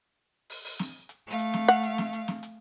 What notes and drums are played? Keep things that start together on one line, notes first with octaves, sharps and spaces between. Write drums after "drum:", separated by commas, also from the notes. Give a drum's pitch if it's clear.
drum: open hi-hat
drum: open hi-hat
drum: snare
drum: hi-hat
A3 F5
drum: hi-hat
drum: snare
F#5, drum: hi-hat
drum: hi-hat
drum: snare
drum: hi-hat
drum: snare
drum: hi-hat